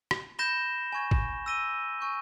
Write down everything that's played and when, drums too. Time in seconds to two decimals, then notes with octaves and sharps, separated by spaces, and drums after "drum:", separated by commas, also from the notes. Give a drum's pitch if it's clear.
0.11 drum: rim click
0.39 B5 G6 A#6 E7 G7
0.92 G#5 C#6 G#6
1.11 drum: kick G#1
1.46 E6 A#6 D#7 G7
2.01 G#5 C#6 G6